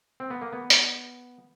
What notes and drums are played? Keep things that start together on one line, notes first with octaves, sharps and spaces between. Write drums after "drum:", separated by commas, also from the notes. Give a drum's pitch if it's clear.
C4
B3
A#3
B3
drum: hi-hat